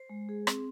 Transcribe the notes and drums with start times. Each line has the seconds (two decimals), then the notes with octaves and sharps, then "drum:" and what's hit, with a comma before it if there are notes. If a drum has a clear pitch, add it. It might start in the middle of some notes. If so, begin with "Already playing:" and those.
Already playing: C5
0.10 G#3
0.29 G#4
0.47 C4, drum: rim click